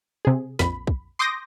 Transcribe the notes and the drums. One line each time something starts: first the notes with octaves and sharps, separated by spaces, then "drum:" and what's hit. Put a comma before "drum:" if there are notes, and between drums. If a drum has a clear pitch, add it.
C3 G#4
A#1 F2 B5, drum: snare
drum: kick
C6 D6 D#6 G6 A#6